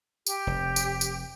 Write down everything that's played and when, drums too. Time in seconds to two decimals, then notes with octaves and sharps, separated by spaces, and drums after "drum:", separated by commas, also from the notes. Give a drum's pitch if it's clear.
0.26 G4, drum: tambourine
0.47 F1
0.76 drum: tambourine
1.01 drum: tambourine